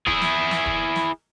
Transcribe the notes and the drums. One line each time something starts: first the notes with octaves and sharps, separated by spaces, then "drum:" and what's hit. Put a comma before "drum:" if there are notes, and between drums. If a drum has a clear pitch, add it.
E4 G#4, drum: kick D#1
drum: snare
drum: snare
drum: kick D#1
drum: snare